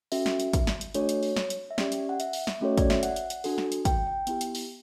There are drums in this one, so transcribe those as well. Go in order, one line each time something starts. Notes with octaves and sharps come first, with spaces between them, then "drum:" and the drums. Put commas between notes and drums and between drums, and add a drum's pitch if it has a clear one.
C#4 F#4 A4 E5, drum: open hi-hat
drum: snare
drum: hi-hat
drum: kick, hi-hat
drum: snare
drum: hi-hat
A3 D4 F#4 A4 C#5, drum: hi-hat
drum: hi-hat
drum: open hi-hat
drum: snare
drum: hi-hat
E5
C#4 G4 D5, drum: snare
drum: hi-hat
F#5
E5, drum: hi-hat
drum: open hi-hat
drum: snare
A3 C#4 F#4 A4 C#5
D5, drum: kick, hi-hat
E5, drum: snare
F#5, drum: hi-hat
drum: hi-hat
drum: hi-hat
D4 F#4 A4, drum: open hi-hat
drum: snare
drum: hi-hat
G5, drum: kick, hi-hat
G5
B3 E4 G4, drum: hi-hat
drum: hi-hat
drum: open hi-hat